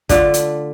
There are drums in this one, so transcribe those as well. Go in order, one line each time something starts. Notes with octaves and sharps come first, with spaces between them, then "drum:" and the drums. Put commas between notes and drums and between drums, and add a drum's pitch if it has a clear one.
D3 A3 D4 F4, drum: kick, hi-hat
drum: hi-hat